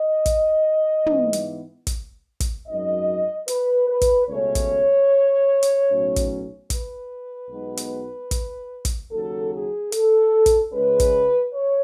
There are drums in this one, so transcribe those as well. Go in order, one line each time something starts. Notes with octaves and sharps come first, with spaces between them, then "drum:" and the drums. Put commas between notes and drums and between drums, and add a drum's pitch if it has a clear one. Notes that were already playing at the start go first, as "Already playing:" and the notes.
Already playing: D#5
drum: kick, hi-hat
G#2 E3 B3, drum: tom
drum: hi-hat
drum: kick, hi-hat
drum: kick, hi-hat
G#1 F#2 D#3 F#3 D#5
B4, drum: hi-hat
B4
drum: kick, hi-hat
C#2 B2 A3 C#4 C#5
drum: kick, hi-hat
drum: hi-hat
B1 A2 F#3 C#4
drum: kick, hi-hat
B4, drum: kick, hi-hat
B1 B2 G#3 B3
drum: hi-hat
drum: kick, hi-hat
drum: kick, hi-hat
D#2 C#3 F#3 A4
G#4
A4, drum: hi-hat
drum: kick, hi-hat
C#2 C#3 G#3 C#4 B4
drum: kick, hi-hat
C#5